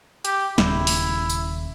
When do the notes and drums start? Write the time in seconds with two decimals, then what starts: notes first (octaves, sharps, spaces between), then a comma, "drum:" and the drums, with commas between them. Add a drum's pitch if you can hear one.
0.25 G4, drum: hi-hat
0.58 D#1 C#3 E4, drum: snare
0.87 drum: open hi-hat
1.30 drum: tambourine